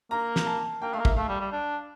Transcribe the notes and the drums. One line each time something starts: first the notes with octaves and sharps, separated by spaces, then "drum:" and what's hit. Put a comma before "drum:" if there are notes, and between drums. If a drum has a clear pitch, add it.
A#3 A#5
drum: snare
A5
A#3 G5
A3 F5
A#3
E5, drum: kick
A3 F5
G3
G3
D4